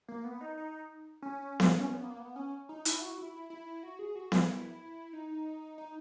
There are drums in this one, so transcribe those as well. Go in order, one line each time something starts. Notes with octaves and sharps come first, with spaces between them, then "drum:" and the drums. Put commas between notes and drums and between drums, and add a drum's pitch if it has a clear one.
A#3
B3
D#4
D#4
C#4
drum: snare B3
C#4
B3
A#3
B3
C#4
D#4
E4, drum: hi-hat
F#4
E4
E4
F#4
G#4
F#4
E4, drum: snare B3
D#4
D#4